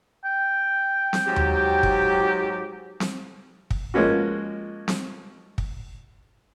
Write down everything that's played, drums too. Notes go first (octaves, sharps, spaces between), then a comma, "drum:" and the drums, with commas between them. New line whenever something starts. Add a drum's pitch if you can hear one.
G5
drum: snare C4
G#2 F#3 G4
drum: tom D#2
drum: kick
drum: snare C4
drum: kick
F3 G#3 A#3 C#4 F#4
drum: snare C4
drum: kick